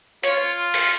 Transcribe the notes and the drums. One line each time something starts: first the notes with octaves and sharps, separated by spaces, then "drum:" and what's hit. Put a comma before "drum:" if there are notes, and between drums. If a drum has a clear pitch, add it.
F4 C#5, drum: hi-hat
drum: open hi-hat